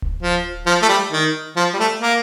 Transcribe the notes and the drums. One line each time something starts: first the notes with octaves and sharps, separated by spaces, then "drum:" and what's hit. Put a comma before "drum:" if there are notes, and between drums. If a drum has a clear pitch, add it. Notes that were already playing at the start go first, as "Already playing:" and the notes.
drum: kick D1
F3
F3
A3
G3
D#3
F3
G3
A3
A#3